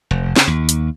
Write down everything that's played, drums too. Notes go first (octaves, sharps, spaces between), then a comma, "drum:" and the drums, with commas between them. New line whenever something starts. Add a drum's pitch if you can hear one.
F1
C#3, drum: snare
D#2
drum: hi-hat